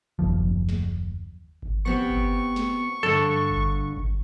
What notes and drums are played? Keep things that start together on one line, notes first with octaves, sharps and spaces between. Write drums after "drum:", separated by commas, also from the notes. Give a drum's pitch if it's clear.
F#1 D#2 F3, drum: kick G1
drum: snare
drum: kick G1
B3 C4 G4 C#6
drum: kick G1
drum: snare
G2 D3 A4
drum: kick G1
drum: kick G1